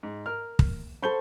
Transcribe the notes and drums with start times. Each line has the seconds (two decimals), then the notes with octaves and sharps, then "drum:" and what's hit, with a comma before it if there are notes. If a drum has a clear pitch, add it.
0.03 G#2
0.26 A#4 F6
0.59 drum: kick
1.02 A4 C5 B5 C#6 G6 G7